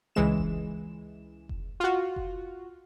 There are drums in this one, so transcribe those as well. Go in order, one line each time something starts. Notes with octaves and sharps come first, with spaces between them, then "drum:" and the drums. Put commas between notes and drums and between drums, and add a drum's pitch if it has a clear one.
C#2 E3 G#3 E7
drum: kick F1
drum: kick F1
F4 F#4
drum: kick F1